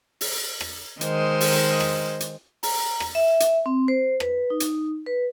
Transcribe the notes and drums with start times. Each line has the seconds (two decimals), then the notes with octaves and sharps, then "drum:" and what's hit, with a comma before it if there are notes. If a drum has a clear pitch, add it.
0.21 drum: open hi-hat
0.61 drum: rim click
1.01 D#3 G#3 C5, drum: hi-hat
1.41 drum: open hi-hat
1.80 drum: rim click
2.20 drum: hi-hat
2.63 A#5, drum: open hi-hat
3.00 drum: rim click
3.15 E5
3.40 drum: hi-hat
3.66 C4
3.88 C5
4.20 B4, drum: rim click
4.50 D#4
4.60 drum: hi-hat
5.06 B4